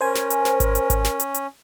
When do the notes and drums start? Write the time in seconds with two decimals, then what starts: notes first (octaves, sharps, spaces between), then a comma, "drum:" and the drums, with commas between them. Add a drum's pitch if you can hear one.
0.01 C#4 A#4 C5 G#5
0.15 drum: snare
0.30 drum: hi-hat
0.45 drum: snare
0.60 drum: kick G#1, hi-hat
0.75 drum: hi-hat
0.90 drum: kick G#1, hi-hat
1.05 drum: snare
1.20 drum: hi-hat
1.34 drum: hi-hat